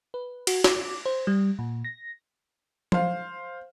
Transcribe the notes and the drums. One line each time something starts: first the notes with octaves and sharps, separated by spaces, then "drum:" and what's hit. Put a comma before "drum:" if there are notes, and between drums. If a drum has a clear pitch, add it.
B4
F#4, drum: cymbal
D6, drum: snare
C5
G3
A#2
A#6
C5 F5, drum: tom